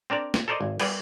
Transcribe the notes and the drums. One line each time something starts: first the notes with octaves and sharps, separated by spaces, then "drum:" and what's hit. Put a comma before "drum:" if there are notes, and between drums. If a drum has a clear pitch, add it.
C4 D4 A#4 D5
drum: snare
A4 A#4 C5 D5 D#5
G#1
G3 B3 G#4 B4 G5, drum: cymbal